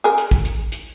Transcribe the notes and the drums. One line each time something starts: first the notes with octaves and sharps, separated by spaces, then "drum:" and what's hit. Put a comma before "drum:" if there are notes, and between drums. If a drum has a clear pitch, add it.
G#4 A#4
drum: hi-hat
drum: kick
drum: hi-hat
drum: hi-hat